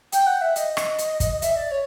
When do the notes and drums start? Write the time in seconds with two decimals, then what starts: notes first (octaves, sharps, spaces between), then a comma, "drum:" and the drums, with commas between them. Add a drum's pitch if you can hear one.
0.12 G5, drum: hi-hat
0.26 F#5
0.41 E5
0.56 D#5, drum: hi-hat
0.77 drum: rim click
0.98 drum: hi-hat
1.20 drum: kick, hi-hat
1.42 E5, drum: hi-hat
1.56 D5
1.71 C#5